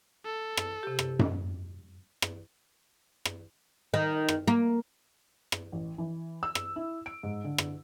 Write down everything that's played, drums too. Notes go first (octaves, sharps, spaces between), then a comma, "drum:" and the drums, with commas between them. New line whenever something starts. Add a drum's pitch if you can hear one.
A4
drum: rim click
C3 G4
drum: rim click
drum: tom F#2
drum: rim click
drum: rim click
D#3
drum: rim click
A#3
drum: rim click
A1
E3
E6
drum: rim click
E4
D7
G#2
D3
drum: rim click